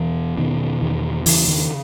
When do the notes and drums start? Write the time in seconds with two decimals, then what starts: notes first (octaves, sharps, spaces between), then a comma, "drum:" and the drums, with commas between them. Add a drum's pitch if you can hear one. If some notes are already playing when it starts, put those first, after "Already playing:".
Already playing: E2 B2 E3
0.37 B2 D#3
0.81 E2 D#3
1.26 C#3 E3, drum: open hi-hat
1.48 D#3